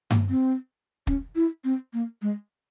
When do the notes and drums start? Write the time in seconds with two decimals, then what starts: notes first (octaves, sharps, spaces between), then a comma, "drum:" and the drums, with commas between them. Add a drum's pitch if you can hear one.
0.11 A#3, drum: tom G2
0.30 C4
1.07 C#4, drum: kick
1.36 E4
1.64 C4
1.93 A#3
2.22 G#3